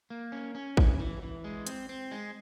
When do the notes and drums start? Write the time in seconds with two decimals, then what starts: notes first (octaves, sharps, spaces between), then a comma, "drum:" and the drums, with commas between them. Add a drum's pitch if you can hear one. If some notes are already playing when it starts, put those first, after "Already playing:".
0.10 A#3
0.32 C#4
0.55 C#4
0.77 E3, drum: kick
0.99 E3
1.23 E3
1.44 G#3
1.67 C4, drum: hi-hat
1.89 C4
2.11 G#3